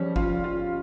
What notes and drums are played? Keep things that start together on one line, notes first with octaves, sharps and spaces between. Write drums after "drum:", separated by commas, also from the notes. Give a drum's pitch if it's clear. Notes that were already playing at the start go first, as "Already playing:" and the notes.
Already playing: F3 G3 C#4
F4, drum: kick
F4